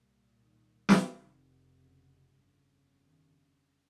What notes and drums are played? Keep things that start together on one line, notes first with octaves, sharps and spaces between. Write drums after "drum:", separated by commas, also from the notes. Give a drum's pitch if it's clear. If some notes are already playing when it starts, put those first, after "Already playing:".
Already playing: C2 A#2
D#3
drum: snare
F1 F2 C3 D#3
C#3
G1 F2 C#3
D#3